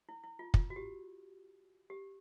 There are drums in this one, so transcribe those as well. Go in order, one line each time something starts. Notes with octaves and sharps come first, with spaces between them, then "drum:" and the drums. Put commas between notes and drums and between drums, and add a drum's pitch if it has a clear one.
E4
E4
F4
F4, drum: kick
F#4
G4
G4